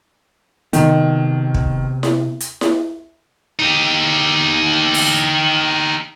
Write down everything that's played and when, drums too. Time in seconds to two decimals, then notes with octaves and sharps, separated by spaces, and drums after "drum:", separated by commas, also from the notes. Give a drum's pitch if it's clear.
0.73 C3 D#3 B3, drum: hi-hat
1.54 drum: kick
2.03 drum: snare E4
2.40 drum: hi-hat
2.61 drum: snare E4
3.59 D#4 G4
4.94 drum: open hi-hat